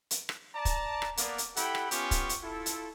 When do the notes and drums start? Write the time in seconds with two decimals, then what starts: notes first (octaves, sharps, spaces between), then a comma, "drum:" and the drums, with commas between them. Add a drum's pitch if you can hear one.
0.11 drum: hi-hat
0.29 drum: rim click
0.55 D5 A5 A#5
0.65 drum: kick, hi-hat
1.02 drum: rim click
1.17 A#3 B3 D5, drum: hi-hat
1.38 drum: hi-hat
1.56 E4 G4 A4 F#5 G5 B5, drum: hi-hat
1.75 drum: rim click
1.91 B3 C#4 F4 G4 G#5 C#6, drum: hi-hat
2.11 drum: kick, hi-hat
2.29 drum: hi-hat
2.42 E4 F4 A4
2.66 drum: hi-hat